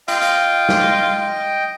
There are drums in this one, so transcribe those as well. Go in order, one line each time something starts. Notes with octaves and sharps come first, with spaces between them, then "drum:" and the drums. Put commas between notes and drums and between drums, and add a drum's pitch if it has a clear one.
F4 D#5 G5, drum: hi-hat
drum: hi-hat
drum: snare